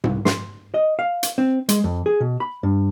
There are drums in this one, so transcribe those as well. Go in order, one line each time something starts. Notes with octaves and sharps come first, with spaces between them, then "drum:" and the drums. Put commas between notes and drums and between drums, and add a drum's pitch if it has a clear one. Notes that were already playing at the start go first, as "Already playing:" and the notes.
C2, drum: tom G#2
C6, drum: snare
D#5
F5
drum: hi-hat
C4
G#3, drum: hi-hat
F2
G#4
B2
B5
G2